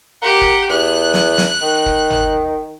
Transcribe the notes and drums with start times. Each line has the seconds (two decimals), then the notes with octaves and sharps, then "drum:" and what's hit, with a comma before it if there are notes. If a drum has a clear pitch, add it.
0.22 G4 A#4 F#5
0.41 drum: kick
0.69 E2 F#6
1.14 drum: snare
1.38 drum: snare
1.62 D#3
1.86 drum: kick
2.10 drum: tom